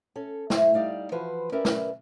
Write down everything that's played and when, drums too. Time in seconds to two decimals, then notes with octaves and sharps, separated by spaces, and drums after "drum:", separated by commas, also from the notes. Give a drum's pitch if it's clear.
0.16 C#4 A4
0.50 A3 E4 C5, drum: snare
0.74 G3 D#4 D5 F5
1.12 E3 F3 F#4 B4 C5
1.52 C#4 G4 A#4 B4 D5 E5
1.65 drum: snare